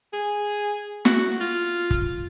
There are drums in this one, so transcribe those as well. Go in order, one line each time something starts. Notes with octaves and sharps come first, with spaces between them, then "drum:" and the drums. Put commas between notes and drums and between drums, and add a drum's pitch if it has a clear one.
G#4
F#4, drum: snare
F4
drum: kick